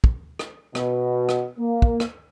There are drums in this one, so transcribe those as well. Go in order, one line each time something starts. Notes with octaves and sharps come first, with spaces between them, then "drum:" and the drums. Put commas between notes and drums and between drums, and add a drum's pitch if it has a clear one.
drum: kick
drum: rim click
B2, drum: rim click
drum: rim click
A#3
drum: kick
drum: rim click